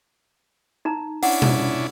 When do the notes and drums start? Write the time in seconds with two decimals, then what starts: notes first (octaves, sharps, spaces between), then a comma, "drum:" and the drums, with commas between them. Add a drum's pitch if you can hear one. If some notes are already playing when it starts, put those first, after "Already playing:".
0.85 D#4 A#5
1.23 C#4 D4 E4 F#5, drum: open hi-hat
1.42 drum: tom B2